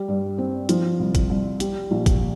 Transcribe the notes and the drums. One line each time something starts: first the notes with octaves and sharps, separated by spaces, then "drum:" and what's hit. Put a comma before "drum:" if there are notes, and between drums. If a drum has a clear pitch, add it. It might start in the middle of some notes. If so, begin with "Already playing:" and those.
Already playing: G3
G2
C4
F3, drum: hi-hat
C2
drum: kick, hi-hat
C2
G3, drum: hi-hat
A#1
drum: kick, hi-hat